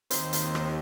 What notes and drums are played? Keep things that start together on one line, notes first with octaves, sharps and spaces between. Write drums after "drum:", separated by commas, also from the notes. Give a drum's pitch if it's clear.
D#2 C4 D#4 C5, drum: hi-hat
drum: hi-hat
drum: rim click